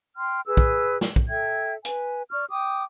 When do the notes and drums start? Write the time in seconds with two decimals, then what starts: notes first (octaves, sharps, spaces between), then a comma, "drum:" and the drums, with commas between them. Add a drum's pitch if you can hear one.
0.16 G5 C6 F6
0.46 G#4 B4 E6
0.57 drum: kick
1.01 drum: snare
1.16 drum: kick
1.28 A4 E5 G5 G#6
1.85 B4 G#5, drum: hi-hat
2.32 D5 C#6 F6
2.51 G5 D6 D#6